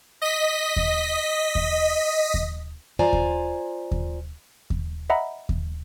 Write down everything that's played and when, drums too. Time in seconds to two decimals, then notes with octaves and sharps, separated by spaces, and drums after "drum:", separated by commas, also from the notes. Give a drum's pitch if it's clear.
0.22 D#5 B6
0.76 drum: kick D#2
1.55 drum: kick D#2
2.34 drum: kick D#2
2.99 F4 C5 D5 G#5 A#5
3.13 drum: kick D#2
3.91 drum: kick D#2
4.70 drum: kick D#2
5.10 D#5 E5 F#5 A#5 B5
5.49 drum: kick D#2